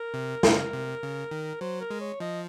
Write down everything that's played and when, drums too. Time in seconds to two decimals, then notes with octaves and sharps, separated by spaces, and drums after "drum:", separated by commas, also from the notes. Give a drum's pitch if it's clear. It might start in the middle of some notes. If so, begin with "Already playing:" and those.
Already playing: A#4
0.14 C3
0.43 C#3, drum: snare
0.73 C3
1.03 C#3
1.31 D#3
1.61 F#3 C5
1.80 A#4
1.91 G#3
2.01 C#5
2.20 F3 D#5